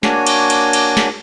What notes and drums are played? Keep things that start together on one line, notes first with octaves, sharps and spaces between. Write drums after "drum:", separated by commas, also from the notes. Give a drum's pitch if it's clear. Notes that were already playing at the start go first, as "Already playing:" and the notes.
A#3 D4 F#4 C#5 G#5, drum: snare
drum: cymbal
drum: cymbal
drum: cymbal
drum: snare